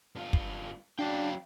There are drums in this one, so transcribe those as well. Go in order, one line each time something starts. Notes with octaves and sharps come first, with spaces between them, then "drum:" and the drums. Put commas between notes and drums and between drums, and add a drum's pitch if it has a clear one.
G2 F4
drum: kick
F#2 F#3 D4 F#4 F5 G5